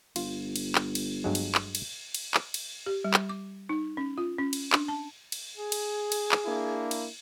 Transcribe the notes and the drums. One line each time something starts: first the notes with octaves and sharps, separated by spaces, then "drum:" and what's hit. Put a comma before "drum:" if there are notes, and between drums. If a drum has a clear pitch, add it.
G1 F4, drum: cymbal
drum: cymbal
drum: clap
drum: cymbal
G2 F#3 G#3
drum: cymbal
drum: clap
drum: cymbal
drum: cymbal
drum: clap
drum: cymbal
G4
G3
drum: clap
D6
D#4
C#4
F4
C#4
drum: cymbal
D4, drum: clap
A5
drum: cymbal
G#4
drum: cymbal
drum: cymbal
drum: clap
A#3 D4 E4
drum: cymbal